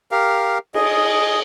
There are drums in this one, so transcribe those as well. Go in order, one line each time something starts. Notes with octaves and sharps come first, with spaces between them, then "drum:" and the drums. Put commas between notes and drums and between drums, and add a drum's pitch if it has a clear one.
G4 A#4 F5
G#4 D#5, drum: cymbal